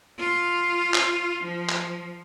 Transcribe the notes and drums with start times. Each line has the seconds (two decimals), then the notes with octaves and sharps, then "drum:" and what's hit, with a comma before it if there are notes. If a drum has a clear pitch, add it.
0.19 F4
0.94 drum: clap
1.44 F3
1.69 drum: clap